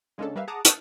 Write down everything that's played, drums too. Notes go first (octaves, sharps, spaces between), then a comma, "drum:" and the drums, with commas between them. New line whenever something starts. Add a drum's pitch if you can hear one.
C#3 G#3 A#3 C#4 D4 A4
G3 A#3 B4 E5 F5
G#4 F#5 A5 A#5 D6 D#6
A5 C#6 D#6 E6 F#6 G6, drum: hi-hat